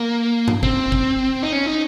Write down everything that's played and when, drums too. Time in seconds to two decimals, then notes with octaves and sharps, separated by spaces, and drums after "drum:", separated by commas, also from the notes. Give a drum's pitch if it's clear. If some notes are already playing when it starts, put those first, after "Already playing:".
Already playing: A#3
0.48 drum: tom G2
0.63 C4, drum: kick
0.92 drum: kick
1.42 D#4
1.52 C#4
1.66 D#4